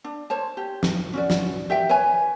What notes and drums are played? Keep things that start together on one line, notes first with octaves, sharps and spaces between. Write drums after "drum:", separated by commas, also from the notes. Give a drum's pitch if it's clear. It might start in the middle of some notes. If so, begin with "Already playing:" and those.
D4
C5 C#5 A5
G4
drum: snare
C#4 F#4 D5
drum: snare
G4 E5 G5
B4 C#5 G#5